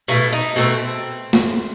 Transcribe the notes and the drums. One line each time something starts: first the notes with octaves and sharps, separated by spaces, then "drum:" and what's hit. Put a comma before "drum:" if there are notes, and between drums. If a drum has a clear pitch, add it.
B2 A3 E4
D#4
B2 A3 C4
drum: snare